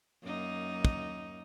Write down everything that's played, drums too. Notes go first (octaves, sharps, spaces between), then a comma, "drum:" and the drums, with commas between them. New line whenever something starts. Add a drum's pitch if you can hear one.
F#2 A#3 D#4
drum: kick